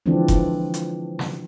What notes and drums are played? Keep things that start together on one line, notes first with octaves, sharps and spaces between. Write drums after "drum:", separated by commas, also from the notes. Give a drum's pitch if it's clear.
D3 E3 F3 G#3 C4 D4
drum: kick F1, hi-hat
drum: hi-hat
drum: snare